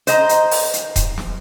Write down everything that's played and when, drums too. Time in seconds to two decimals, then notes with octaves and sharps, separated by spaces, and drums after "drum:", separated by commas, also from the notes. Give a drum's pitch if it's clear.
0.07 C5 D#5 A#5, drum: hi-hat
0.29 drum: hi-hat
0.51 drum: open hi-hat
0.73 drum: hi-hat
0.96 drum: kick D#1, hi-hat
1.18 drum: snare